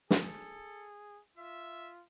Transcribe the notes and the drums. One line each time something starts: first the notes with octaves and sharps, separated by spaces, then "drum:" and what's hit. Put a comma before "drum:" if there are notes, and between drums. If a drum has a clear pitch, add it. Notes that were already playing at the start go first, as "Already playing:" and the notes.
G#4 A4, drum: snare
F4 E5